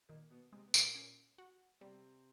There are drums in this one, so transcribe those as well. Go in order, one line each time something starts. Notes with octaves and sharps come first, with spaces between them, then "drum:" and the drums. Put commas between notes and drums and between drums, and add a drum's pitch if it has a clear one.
A#2 D#3 A#3
B2 B3
C3 G#3 C4
B3
A#2 A#3, drum: tambourine
C#4
F#4
C3 G3 C4